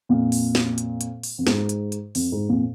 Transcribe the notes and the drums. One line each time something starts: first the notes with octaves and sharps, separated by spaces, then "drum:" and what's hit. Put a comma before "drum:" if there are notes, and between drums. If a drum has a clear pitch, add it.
F2 A#2
drum: open hi-hat
drum: snare
drum: hi-hat
drum: hi-hat
drum: open hi-hat
F2
G#2, drum: snare
drum: hi-hat
drum: hi-hat
F2, drum: open hi-hat
G#2
F2 A#2